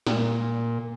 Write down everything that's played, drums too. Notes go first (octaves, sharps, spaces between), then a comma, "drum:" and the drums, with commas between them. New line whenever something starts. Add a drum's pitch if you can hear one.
A#2, drum: snare G3